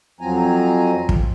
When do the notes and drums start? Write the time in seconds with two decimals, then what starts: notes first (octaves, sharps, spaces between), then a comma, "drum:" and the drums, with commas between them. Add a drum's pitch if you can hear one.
0.21 F2 F3 F#3 C4 G#5 A#5
1.09 drum: kick